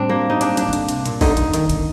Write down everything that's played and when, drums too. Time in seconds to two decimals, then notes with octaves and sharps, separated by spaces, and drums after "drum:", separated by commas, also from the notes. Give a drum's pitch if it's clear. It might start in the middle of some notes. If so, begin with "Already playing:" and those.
Already playing: A2 G3 C4 D4
0.09 A#3
0.30 D#4
0.41 D4, drum: hi-hat
0.57 D4, drum: hi-hat
0.68 D#3
0.73 D3, drum: hi-hat
0.89 C3, drum: hi-hat
1.06 A#2, drum: hi-hat
1.21 D3 D#4, drum: kick A#1, open hi-hat
1.37 D3, drum: hi-hat
1.54 D#3, drum: hi-hat
1.69 D3, drum: hi-hat